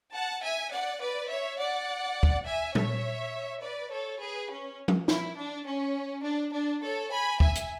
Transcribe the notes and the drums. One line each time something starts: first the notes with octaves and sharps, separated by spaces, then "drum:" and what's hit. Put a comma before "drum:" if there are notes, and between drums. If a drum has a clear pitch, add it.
F#5 A5
E5 G#5
D5 F#5
B4 D5
C#5 E5
D5 F#5
drum: kick
E5 G#5
C#5 E5, drum: tom A#2
B4 D5
A4 C#5
G#4 B4
C#4
drum: tom F3
E4, drum: snare
D4
C#4
D4
D4
A4 C#5
G#5 B5
E5 G#5, drum: kick
drum: hi-hat